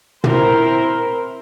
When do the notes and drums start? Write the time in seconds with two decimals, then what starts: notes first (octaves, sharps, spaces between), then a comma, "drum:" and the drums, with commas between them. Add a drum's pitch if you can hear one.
0.24 C4 E4 A#4 C5, drum: tom